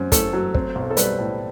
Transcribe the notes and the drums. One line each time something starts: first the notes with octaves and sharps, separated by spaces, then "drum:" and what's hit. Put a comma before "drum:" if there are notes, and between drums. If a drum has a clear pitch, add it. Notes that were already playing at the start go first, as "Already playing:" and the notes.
Already playing: F#2 C4
A3 A4, drum: kick, hi-hat
F#3
C4, drum: kick
B1
A4
G3 B4, drum: hi-hat
A2